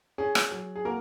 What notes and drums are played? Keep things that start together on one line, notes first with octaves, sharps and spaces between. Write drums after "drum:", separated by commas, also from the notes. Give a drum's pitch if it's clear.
C#4 G#4
drum: rim click
F#3
G#4
A#3 F#4 A#4